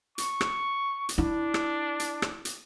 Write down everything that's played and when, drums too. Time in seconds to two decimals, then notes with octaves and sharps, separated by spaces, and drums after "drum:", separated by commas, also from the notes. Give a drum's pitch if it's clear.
0.18 C#6, drum: hi-hat
0.41 drum: rim click
1.09 drum: hi-hat
1.18 D4 E4
1.54 drum: rim click
2.00 drum: hi-hat
2.22 drum: rim click
2.45 drum: hi-hat